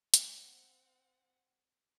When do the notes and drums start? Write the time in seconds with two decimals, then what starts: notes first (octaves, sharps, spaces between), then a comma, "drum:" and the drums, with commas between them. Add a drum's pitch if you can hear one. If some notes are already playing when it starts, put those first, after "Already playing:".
0.14 C4 F#5, drum: hi-hat